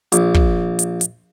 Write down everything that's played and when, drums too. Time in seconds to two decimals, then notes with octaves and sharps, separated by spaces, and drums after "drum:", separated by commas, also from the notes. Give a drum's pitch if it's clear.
0.12 A#1, drum: hi-hat
0.34 drum: kick
0.79 drum: hi-hat
1.01 drum: hi-hat